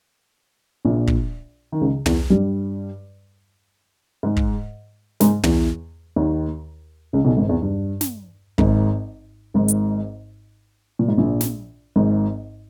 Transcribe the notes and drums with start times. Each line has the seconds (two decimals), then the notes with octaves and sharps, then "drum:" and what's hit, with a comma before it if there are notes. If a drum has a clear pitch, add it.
0.85 A#1 A#2
1.07 drum: kick
1.72 D#3
1.81 C#2 C#3
2.06 E2 E3, drum: tom
2.30 G2 G3
4.23 G#2 G#3
4.36 drum: kick
5.20 G#2 G#3, drum: snare
5.43 E2 E3, drum: tom
6.16 D#2 D#3
7.13 C#2 C#3
7.25 B1 B2
7.37 G#1 G#2
7.49 E2
7.62 G2
8.01 drum: snare
8.58 G#1 G#2, drum: kick
9.54 G#1 G#2
9.68 drum: hi-hat
10.99 A#2
11.08 G#2
11.18 A#1 A#2
11.41 drum: snare
11.96 G#1 G#2